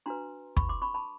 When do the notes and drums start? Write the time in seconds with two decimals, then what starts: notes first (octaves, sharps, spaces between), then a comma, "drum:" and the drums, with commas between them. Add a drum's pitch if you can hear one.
0.06 D4 F#4 B4 A#5 C6
0.56 B5 C#6, drum: kick
0.69 C6 D6
0.82 B5 C#6
0.94 A5 B5